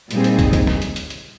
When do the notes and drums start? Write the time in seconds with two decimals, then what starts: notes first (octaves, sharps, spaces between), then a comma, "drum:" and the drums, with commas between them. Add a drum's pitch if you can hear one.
0.11 A#2 G3 C4 D#4 G#4, drum: hi-hat
0.24 drum: hi-hat
0.39 drum: kick, hi-hat
0.53 drum: kick, hi-hat
0.67 drum: snare
0.82 drum: hi-hat
0.96 drum: hi-hat
1.10 drum: hi-hat